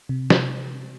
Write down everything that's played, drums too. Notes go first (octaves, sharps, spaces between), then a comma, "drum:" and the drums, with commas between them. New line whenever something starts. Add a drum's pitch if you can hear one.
C3
drum: snare